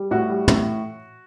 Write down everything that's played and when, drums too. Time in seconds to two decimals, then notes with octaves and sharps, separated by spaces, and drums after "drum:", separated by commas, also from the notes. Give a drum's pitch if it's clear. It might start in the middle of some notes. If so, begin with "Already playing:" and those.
Already playing: G3
0.11 A2 F#4
0.30 G3
0.48 A2, drum: tom